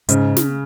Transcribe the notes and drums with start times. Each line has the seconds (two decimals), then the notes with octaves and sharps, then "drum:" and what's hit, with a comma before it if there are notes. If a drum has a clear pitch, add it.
0.09 G#2 C#3, drum: hi-hat
0.36 drum: snare